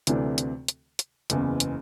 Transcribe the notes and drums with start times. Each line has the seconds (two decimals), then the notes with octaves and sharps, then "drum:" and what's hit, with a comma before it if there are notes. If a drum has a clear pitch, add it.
0.07 D2 C3 E3 A3 D4, drum: hi-hat
0.38 drum: hi-hat
0.68 drum: hi-hat
0.99 drum: hi-hat
1.30 F#1 E2 C#3 E3, drum: hi-hat
1.60 drum: hi-hat